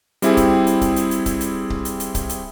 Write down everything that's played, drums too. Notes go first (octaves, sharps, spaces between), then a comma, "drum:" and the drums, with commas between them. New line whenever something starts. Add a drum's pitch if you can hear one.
G3 C4 E4 G4 G#4, drum: hi-hat
drum: kick C#1, hi-hat
drum: hi-hat
drum: kick C#1, hi-hat
drum: hi-hat
drum: hi-hat
drum: kick C#1, hi-hat
drum: hi-hat
drum: kick C#1
drum: hi-hat
drum: hi-hat
drum: kick C#1, hi-hat
drum: hi-hat